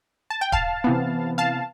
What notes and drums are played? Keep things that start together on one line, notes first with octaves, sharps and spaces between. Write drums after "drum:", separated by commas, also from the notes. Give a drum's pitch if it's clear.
A5
G5
F5 A5, drum: kick
C3 E3 B3
F5 A5